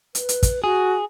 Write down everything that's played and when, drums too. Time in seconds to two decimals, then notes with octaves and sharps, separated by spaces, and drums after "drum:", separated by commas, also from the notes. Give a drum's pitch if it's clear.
0.15 B4, drum: hi-hat
0.29 drum: hi-hat
0.43 drum: kick, hi-hat
0.64 F#4 G#4